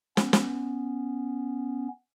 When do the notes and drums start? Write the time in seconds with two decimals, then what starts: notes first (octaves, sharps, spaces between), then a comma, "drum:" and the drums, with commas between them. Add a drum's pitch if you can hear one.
0.17 B3 C#4, drum: snare
0.33 drum: snare